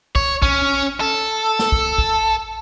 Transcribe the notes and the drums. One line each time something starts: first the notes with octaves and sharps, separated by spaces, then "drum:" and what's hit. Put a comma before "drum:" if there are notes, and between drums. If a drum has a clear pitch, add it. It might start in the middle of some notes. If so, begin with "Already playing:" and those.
C#5, drum: kick
C#4, drum: kick
A4
drum: snare
drum: kick
drum: kick